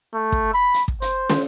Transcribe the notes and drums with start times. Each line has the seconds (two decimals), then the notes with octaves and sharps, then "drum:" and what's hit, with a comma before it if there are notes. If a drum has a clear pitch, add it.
0.14 A3
0.32 drum: kick
0.54 B5
0.74 drum: hi-hat
0.88 drum: kick
1.02 C5, drum: hi-hat
1.30 drum: snare